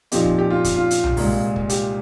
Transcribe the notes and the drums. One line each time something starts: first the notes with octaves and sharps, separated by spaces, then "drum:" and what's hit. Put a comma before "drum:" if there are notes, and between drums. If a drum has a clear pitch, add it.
A#2 F3 C4 D#4 G4, drum: hi-hat
drum: kick
G4
F4
drum: kick, hi-hat
F4
drum: hi-hat
drum: tom B1
C2 A#2 G#3, drum: open hi-hat
drum: kick
G4, drum: hi-hat